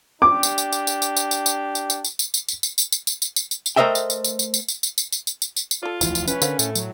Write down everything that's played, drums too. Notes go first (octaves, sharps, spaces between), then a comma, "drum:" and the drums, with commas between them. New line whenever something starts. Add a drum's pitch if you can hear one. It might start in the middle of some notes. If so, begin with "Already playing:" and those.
D4 G4 D6
drum: tambourine
drum: tambourine
drum: tambourine
drum: tambourine
drum: tambourine
drum: tambourine
drum: tambourine
drum: tambourine
drum: tambourine
drum: tambourine
drum: tambourine
drum: tambourine
drum: tambourine
drum: tambourine
drum: tambourine
drum: tambourine
drum: tambourine
drum: tambourine
drum: tambourine
drum: tambourine
drum: tambourine
drum: tambourine
A3 A#4 C5 D#5 E5 G5
drum: tambourine
drum: tambourine
drum: tambourine
drum: tambourine
drum: tambourine
drum: tambourine
drum: tambourine
drum: tambourine
drum: tambourine
drum: tambourine
drum: tambourine
drum: tambourine
drum: tambourine
F4 A4 D5
E1 D2 E3 F3 E4, drum: tambourine
drum: tambourine
C#4 B4, drum: tambourine
D3 A#4 C5 F5, drum: tambourine
A2 A3, drum: tambourine
F#3, drum: tambourine